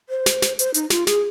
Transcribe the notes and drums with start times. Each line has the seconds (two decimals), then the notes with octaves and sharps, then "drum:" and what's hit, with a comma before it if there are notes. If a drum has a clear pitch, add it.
0.09 C5
0.26 drum: snare
0.42 drum: snare
0.59 C5, drum: hi-hat
0.74 D#4, drum: hi-hat
0.90 F4, drum: snare
1.07 G#4, drum: snare